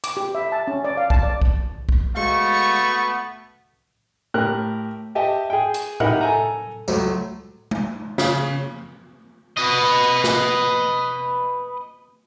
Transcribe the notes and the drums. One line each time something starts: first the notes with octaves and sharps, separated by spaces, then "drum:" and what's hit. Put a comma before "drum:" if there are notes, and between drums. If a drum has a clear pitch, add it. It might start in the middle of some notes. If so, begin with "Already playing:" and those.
D6, drum: hi-hat
G4
E5
A5
C#4
D5
F5
A5, drum: kick B1
D5
drum: kick B1
drum: kick B1
G#3 A3 B3 F#4 F5 C#6
A2 G4 A#4 F#6
G4 D#5 E5 A5
G#4 G5
drum: hi-hat
D#4 E4 G4 A#4 E5 F#5, drum: tom A2
A4 G#5 A#5
C#2 F#3 A3, drum: tambourine
drum: tom G#3
C#3, drum: snare
B4 D#5
drum: snare